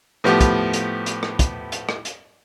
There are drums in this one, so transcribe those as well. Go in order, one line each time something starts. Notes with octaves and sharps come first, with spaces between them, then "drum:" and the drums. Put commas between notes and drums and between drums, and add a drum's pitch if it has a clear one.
A2 F3 B3 G4
drum: kick, hi-hat
drum: hi-hat
drum: hi-hat
drum: rim click
drum: kick, hi-hat
drum: hi-hat
drum: rim click
drum: hi-hat